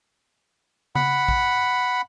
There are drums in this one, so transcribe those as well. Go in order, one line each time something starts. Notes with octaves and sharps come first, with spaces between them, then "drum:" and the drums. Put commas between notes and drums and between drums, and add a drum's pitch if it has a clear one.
F#5 B5, drum: tom C#3
drum: kick